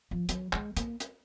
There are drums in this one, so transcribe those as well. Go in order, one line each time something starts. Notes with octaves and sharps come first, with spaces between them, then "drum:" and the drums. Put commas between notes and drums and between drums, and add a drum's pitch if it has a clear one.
F3
F#3, drum: hi-hat
G#3, drum: clap
A#3, drum: hi-hat
drum: hi-hat